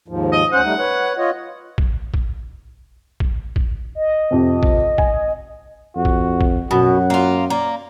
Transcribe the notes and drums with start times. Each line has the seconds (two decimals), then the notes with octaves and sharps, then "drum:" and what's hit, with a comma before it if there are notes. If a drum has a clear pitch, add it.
0.08 D#2 G#2 F3
0.32 D#5
0.52 D2 C#4 C5 F#5
0.63 G3 A3 D#4
0.79 B4 C#5
1.18 F4 C#5 D#5
1.78 drum: kick A#1
2.14 drum: kick A#1
3.20 drum: kick A#1
3.56 drum: kick A#1
3.95 D#5
4.31 F2 C3
4.63 drum: kick A#1
4.98 G#5, drum: kick A#1
5.96 F2 F#4
6.05 drum: kick A#1
6.41 drum: kick A#1
6.71 F#2 B2 F#5
7.10 A#3 F4
7.50 A#3 D5